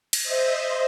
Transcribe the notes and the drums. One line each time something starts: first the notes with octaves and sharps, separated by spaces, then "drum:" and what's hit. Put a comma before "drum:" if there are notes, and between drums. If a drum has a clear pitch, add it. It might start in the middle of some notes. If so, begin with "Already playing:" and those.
drum: cymbal
C5 D#5 E5